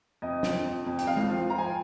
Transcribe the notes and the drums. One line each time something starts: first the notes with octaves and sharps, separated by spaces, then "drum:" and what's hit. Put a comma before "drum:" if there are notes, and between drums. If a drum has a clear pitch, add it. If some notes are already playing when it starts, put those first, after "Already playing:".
F2 D#5
F3, drum: snare
F2
F2
G5, drum: hi-hat
F2 F5
drum: tom G#3
F3
F3 A#5
G#5
G5